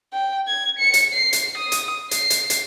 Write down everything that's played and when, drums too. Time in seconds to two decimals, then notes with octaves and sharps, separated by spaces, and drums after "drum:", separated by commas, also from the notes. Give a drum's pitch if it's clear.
0.13 G5
0.48 G#6
0.78 C#7
0.94 drum: hi-hat
1.13 C7
1.33 drum: hi-hat
1.57 D#6
1.72 drum: hi-hat
2.11 C7, drum: hi-hat
2.30 drum: hi-hat
2.50 drum: hi-hat